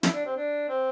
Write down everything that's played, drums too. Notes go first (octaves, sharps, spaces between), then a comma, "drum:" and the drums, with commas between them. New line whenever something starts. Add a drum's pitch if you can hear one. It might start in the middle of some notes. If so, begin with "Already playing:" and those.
E4, drum: snare
D4
C4
D4
C4